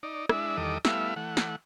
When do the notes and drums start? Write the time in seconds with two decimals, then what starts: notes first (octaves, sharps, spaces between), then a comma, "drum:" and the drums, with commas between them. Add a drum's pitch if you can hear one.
0.03 D#4 D5
0.29 G#3 D4 E4 E5, drum: rim click
0.57 E2 D#3 G3 A4 D#5 D6
0.85 G3 A3 B3 E4 E5 F5, drum: snare
1.16 E3 A3 F#5
1.37 drum: snare